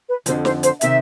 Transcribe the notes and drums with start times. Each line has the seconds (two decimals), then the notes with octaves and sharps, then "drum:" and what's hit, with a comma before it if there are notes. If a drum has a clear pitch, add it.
0.08 B4
0.26 F2 D3 F3 C5, drum: hi-hat
0.45 C5, drum: snare
0.63 C5, drum: hi-hat
0.81 C3 D#3 E5, drum: hi-hat